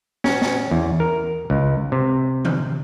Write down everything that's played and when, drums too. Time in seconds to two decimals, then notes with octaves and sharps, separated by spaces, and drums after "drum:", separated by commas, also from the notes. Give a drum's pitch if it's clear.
0.24 C#4, drum: snare
0.41 drum: snare
0.71 E2
1.00 A#4
1.50 C#2
1.92 C3
2.45 drum: tom D3